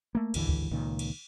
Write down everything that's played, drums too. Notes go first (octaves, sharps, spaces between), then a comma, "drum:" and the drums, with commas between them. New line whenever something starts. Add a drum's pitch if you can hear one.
A3 A#3
G#1 D#2 D3 E3, drum: cymbal
drum: kick D2
C#2 A#2 D#3
drum: cymbal